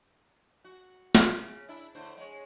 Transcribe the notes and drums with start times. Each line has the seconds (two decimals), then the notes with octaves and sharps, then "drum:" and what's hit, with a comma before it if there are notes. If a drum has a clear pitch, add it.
0.64 F#4
1.15 drum: snare
1.24 C#3
1.69 D4 E4
1.95 A2 D3 C5
2.17 G#3 C#5